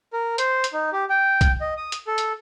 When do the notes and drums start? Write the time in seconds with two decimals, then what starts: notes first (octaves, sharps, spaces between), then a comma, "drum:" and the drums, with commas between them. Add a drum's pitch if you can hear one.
0.13 A#4
0.38 C5, drum: hi-hat
0.64 drum: hi-hat
0.73 D#4
0.93 G4
1.10 G5
1.41 drum: kick B1, hi-hat
1.61 D#5
1.77 D#6
1.92 drum: hi-hat
2.07 A4
2.18 drum: hi-hat